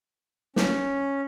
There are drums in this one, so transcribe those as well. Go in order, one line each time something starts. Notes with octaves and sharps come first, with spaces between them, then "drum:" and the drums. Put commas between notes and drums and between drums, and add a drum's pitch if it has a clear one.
C#4, drum: snare